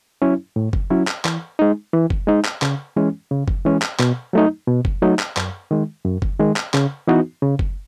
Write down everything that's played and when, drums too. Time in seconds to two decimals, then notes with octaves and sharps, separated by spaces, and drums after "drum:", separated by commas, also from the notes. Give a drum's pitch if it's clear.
0.22 F#3 C#4 E4
0.56 A2
0.73 drum: kick F#1
0.90 F#3 C#4 E4
1.07 drum: clap
1.25 E3, drum: clap
1.59 G#3 D#4
1.93 E3
2.10 drum: kick F#1
2.27 G#3 D#4
2.45 drum: clap
2.62 C#3, drum: clap
2.96 E3 G#3 C#4
3.31 C#3
3.48 drum: kick F#1
3.65 E3 G#3 C#4
3.82 drum: clap
3.99 B2, drum: clap
4.33 F#3 A3 D#4
4.68 B2
4.85 drum: kick F#1
5.02 F#3 A3 D#4
5.19 drum: clap
5.37 F#2, drum: clap
5.71 D#3 G#3
6.05 F#2
6.22 drum: kick F#1
6.39 D#3 G#3
6.56 drum: clap
6.74 C#3, drum: clap
7.07 E3 B3 D#4 F#4
7.42 C#3
7.59 drum: kick F#1